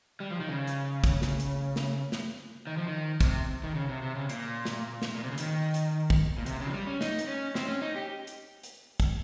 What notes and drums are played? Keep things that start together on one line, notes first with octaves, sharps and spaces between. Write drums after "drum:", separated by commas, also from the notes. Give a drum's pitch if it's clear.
G3
F3
D#3
C#3
drum: hi-hat
drum: kick, hi-hat
drum: snare
drum: hi-hat
drum: snare
drum: snare
D#3
F3
D#3
C3, drum: kick, hi-hat
D#3
C#3
C3
C3
C#3
A#2, drum: hi-hat
drum: snare
drum: snare
A#2
C3
C#3
D#3, drum: hi-hat
drum: hi-hat
drum: kick
A#2
C3, drum: hi-hat
C#3
F3
G3
C#4
D#4, drum: snare
drum: hi-hat
C#4
C4, drum: snare
C#4
D#4
G4
drum: hi-hat
drum: hi-hat
drum: kick, hi-hat